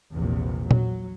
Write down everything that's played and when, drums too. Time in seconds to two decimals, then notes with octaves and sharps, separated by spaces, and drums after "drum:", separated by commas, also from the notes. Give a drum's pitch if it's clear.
0.15 A#1 E2 C3
0.71 F#3, drum: tom A#2